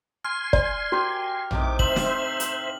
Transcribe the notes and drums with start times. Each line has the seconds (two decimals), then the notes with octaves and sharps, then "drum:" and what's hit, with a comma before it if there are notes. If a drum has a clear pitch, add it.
0.25 G#5 C6 F6
0.53 D5, drum: kick
0.92 F#4 G4 A#4 G5
1.51 A2 C3 D#4 D6, drum: tom A#1
1.79 C5 E5 F#7, drum: kick
1.96 drum: snare
2.40 drum: hi-hat